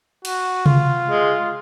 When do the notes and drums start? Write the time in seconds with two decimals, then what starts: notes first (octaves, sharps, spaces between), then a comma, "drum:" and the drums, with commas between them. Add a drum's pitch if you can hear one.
0.25 F#4, drum: cymbal
0.66 F4, drum: tom C3
1.08 G#3